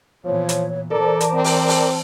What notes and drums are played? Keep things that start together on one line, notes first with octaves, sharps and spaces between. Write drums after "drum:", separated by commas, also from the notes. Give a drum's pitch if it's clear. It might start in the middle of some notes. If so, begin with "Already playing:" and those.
A#2 E3 F3 B3 C#5
drum: hi-hat
E3 A4 A#4 C5 D5 A5
drum: hi-hat
C4
drum: open hi-hat
drum: open hi-hat